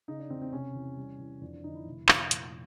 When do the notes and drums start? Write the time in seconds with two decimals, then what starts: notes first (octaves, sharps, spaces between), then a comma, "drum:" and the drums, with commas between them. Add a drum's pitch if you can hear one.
0.08 C#3 D#4
0.19 D4
0.30 E2 C4
0.42 C4
0.52 C3 C#4
0.75 E2
0.97 G3
1.19 E2
1.41 F2 D4
1.53 D4
1.64 D3 D#4
1.75 E4
1.86 F1
2.09 F1, drum: clap
2.31 A#2, drum: hi-hat